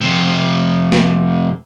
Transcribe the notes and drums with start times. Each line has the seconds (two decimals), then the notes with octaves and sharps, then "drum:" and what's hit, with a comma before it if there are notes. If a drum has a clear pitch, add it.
0.01 F2 C3
0.92 drum: snare A#3